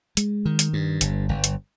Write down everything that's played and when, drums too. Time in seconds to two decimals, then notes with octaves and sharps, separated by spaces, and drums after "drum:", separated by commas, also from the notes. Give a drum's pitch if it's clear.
0.17 G#3, drum: hi-hat
0.45 D#3
0.59 drum: hi-hat
0.73 G2
1.01 G1, drum: hi-hat
1.29 G1
1.44 drum: hi-hat